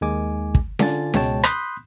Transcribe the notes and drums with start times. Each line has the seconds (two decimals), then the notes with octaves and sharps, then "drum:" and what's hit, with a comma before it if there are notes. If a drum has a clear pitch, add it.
0.01 D#2 D#3 G#3 G#5 D6
0.55 drum: kick
0.79 D3 D4 F4 G#5 A6, drum: snare C#4
1.14 C#2 B2 G#3 C#5 G5 A5, drum: snare C#4
1.43 B5 C6 D#6 F#6 G6 B6, drum: rim click